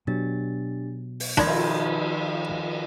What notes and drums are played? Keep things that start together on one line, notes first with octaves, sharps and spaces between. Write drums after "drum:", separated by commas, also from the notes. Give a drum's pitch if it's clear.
B2 F#3 D4 G4 A6
drum: open hi-hat
D#3 F3 D4 B5 C6 G#6
drum: cymbal